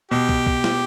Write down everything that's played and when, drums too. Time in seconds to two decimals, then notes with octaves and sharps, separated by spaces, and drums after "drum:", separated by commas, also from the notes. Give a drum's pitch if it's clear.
0.11 B2 G4
0.29 drum: kick
0.46 drum: kick
0.64 drum: snare